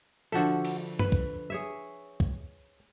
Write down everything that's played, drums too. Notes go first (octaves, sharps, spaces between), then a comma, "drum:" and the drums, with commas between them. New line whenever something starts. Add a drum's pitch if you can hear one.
D3 F3 F#4 A4 E5
drum: cymbal
B4, drum: tom G2
drum: kick
G#4 C#5 E5
drum: kick